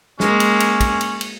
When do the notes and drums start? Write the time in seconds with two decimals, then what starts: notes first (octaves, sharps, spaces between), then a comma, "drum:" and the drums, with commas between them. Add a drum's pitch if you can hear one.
0.20 G#3 A#3 C#4, drum: snare
0.40 drum: cymbal
0.60 drum: cymbal
0.80 drum: kick, cymbal
1.01 drum: cymbal
1.21 drum: cymbal